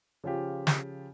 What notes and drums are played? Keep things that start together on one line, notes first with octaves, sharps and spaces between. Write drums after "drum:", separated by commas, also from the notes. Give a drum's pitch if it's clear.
C#3 F3 F4 G4
drum: snare